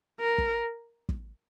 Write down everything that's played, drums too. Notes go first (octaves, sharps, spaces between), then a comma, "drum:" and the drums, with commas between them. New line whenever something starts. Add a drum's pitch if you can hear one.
A#4
drum: kick
drum: kick